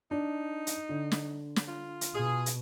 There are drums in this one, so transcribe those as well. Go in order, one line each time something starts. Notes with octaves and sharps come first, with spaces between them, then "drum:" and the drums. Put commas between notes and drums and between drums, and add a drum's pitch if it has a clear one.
D4 D#4
drum: hi-hat
D3
drum: snare
drum: snare
F4
drum: hi-hat
B2 G#4
drum: hi-hat